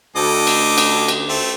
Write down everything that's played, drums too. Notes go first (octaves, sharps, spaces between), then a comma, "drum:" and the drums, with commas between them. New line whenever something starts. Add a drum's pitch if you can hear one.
D2 A4 D#5 D6
drum: cymbal
drum: cymbal
drum: cymbal
A3 C4